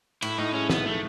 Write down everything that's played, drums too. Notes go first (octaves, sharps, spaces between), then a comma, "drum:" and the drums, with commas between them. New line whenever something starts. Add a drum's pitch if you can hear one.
A2 E4, drum: cymbal
A2 D#4
G#3 C#4
B1 B3, drum: snare
A3